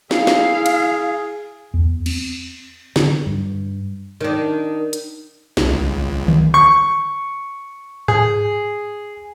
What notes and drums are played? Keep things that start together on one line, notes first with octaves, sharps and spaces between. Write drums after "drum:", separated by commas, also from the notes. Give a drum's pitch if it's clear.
E4 G#4 F5, drum: snare
drum: snare
drum: cymbal
E2
C4, drum: cymbal
D3, drum: snare
G2
D#3 D4
drum: hi-hat
C#2, drum: snare
drum: tom D3
C#6
G#4, drum: tom G#2